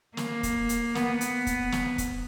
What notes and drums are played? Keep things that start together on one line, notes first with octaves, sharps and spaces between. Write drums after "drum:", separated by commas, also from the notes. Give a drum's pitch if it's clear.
A#3, drum: snare
drum: kick, hi-hat
drum: hi-hat
B3, drum: snare
drum: hi-hat
drum: kick, hi-hat
drum: snare
drum: kick, hi-hat